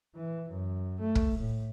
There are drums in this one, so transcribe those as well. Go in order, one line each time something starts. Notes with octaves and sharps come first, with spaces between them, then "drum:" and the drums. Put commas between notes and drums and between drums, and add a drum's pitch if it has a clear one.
E3
F#2
A3
drum: kick
A2